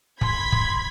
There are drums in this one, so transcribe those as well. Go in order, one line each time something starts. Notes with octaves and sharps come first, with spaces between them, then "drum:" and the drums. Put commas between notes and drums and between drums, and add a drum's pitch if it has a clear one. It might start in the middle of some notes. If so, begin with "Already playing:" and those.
B5 C6 G#6 B6, drum: kick
drum: kick